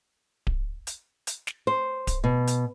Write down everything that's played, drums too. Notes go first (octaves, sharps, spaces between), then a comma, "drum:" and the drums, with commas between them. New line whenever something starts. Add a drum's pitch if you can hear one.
drum: kick D1
drum: hi-hat
drum: hi-hat
drum: snare
C5
drum: kick D1, hi-hat
B2
drum: hi-hat